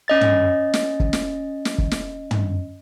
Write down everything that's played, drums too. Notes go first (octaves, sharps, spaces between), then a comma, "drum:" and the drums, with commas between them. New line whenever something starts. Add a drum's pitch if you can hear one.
C#4 D#5 A6
drum: tom
drum: snare
drum: kick
drum: snare
drum: snare
drum: kick
drum: snare
drum: tom